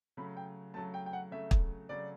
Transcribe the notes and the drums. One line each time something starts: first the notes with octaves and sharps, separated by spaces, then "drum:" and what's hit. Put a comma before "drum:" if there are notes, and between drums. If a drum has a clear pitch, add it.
C#3 F#3 A3 B5
G5
C#3 F#3 A3 A5
G5
G5
F#5
C#3 F#3 A3 E5
drum: kick
C#3 F#3 A3 D5